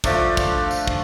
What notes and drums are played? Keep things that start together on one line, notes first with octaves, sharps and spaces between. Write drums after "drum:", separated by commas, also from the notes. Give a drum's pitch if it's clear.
F3 A3 D4, drum: kick, tambourine
drum: kick, tambourine
drum: tambourine
drum: kick